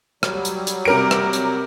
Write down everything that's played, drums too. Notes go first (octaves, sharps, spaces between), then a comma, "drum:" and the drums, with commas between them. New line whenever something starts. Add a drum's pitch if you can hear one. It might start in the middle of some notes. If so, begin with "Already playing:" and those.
F#3 G3, drum: rim click
drum: hi-hat
drum: hi-hat
C3 A#4 D7
drum: rim click
drum: hi-hat